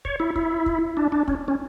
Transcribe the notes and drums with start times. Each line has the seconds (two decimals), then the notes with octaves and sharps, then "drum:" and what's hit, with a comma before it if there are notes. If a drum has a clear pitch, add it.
0.05 C#5, drum: kick
0.20 E4
0.36 E4, drum: kick
0.66 drum: kick
0.97 D4
1.12 D4
1.28 C#4, drum: kick
1.48 C#4